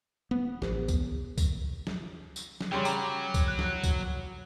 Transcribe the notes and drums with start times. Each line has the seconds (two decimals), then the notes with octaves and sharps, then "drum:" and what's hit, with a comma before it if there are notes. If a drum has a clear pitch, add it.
0.31 B3
0.62 A1, drum: snare
0.88 drum: kick, tambourine
1.38 drum: kick, tambourine
1.87 drum: snare
2.36 drum: tambourine
2.61 drum: snare
2.72 C#3 F#3 G3 C#4 G5 C6
2.85 G5 A#5 D6, drum: tambourine
3.34 drum: kick, tambourine
3.48 F#6
3.59 drum: snare
3.84 drum: kick, tambourine